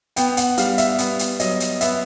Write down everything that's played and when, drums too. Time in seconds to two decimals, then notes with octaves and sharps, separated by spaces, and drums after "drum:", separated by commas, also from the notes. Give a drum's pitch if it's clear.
0.16 B3 G5, drum: hi-hat
0.37 F#5, drum: hi-hat
0.57 G3 F5, drum: hi-hat
0.78 E5, drum: hi-hat
0.98 B3, drum: hi-hat
1.19 drum: hi-hat
1.39 F#3 D#5, drum: hi-hat
1.60 drum: hi-hat
1.81 B3 E5, drum: hi-hat